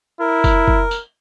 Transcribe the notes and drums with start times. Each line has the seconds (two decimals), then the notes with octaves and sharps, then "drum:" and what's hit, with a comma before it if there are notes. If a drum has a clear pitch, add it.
0.21 E4 A#4
0.44 drum: kick, tambourine
0.68 drum: kick
0.91 drum: tambourine